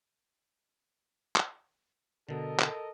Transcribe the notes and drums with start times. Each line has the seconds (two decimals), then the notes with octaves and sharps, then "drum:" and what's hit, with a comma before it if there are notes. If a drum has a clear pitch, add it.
1.36 drum: clap
2.29 B2 D3 A4 A#4 D#5
2.59 drum: clap